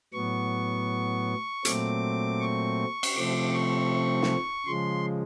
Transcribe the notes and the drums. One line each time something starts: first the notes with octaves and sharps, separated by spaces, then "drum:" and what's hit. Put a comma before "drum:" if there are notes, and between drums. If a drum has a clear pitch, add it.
A2 F#3 B3 C#6
A#2 F#3 A3 C4 D6, drum: hi-hat
C#6
drum: cymbal
C3 F3 A3 C4 D6
C#6
drum: snare
C#3 F3 G#3 C6